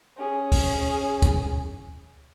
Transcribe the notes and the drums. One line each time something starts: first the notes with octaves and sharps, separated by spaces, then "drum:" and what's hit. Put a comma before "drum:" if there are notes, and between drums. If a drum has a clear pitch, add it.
C#4 G#4
drum: kick, open hi-hat
drum: kick, hi-hat